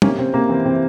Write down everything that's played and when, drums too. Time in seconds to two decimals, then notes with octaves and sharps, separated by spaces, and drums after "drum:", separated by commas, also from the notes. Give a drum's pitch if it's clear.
0.02 C3 A#3 C#4, drum: tom
0.18 C3 C4
0.34 C3 A#3
0.49 E3 C4
0.65 C3 C4